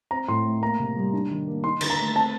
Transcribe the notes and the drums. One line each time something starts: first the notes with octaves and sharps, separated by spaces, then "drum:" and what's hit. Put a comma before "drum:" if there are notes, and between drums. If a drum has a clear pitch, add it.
C4 A#5
A2 C6
A3
A#3 A#5
C3
G3
D4
D#3
A#3
D#4 C6
D3, drum: cymbal
A#5
A3
C4 A5